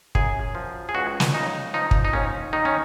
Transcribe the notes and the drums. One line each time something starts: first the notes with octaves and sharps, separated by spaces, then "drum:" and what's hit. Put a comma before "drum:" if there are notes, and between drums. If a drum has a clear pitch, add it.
F#2 G#4, drum: kick
F3
G#4
C#2 F#4
drum: snare
C#3 D#4
F3 D#4
drum: kick
D#4
D#2 C#4
D#3 D#4
C#4